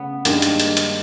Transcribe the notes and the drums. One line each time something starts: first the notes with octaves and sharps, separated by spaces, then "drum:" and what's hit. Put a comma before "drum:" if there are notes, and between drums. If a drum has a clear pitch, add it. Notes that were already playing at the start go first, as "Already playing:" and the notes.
Already playing: C#3 A3 B3
G2 D#3 G#3 A#3, drum: hi-hat
drum: hi-hat
drum: hi-hat
drum: hi-hat